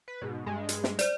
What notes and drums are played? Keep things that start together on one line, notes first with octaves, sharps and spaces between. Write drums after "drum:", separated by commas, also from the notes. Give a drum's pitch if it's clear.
B4
G#2 B2
G2 G#3
drum: hi-hat
drum: snare
C5 D5, drum: hi-hat